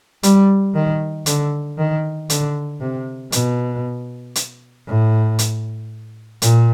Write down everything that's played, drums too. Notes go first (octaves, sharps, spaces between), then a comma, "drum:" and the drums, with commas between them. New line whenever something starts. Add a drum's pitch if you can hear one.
G3, drum: hi-hat
D#3
D3, drum: hi-hat
D#3
D3, drum: hi-hat
C3
B2, drum: hi-hat
drum: hi-hat
A2
drum: hi-hat
A#2, drum: hi-hat